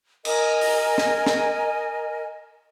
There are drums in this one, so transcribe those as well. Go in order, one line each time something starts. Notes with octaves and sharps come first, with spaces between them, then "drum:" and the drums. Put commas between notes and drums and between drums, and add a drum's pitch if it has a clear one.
A#4 D#5 G#5, drum: cymbal
drum: open hi-hat
drum: snare
drum: snare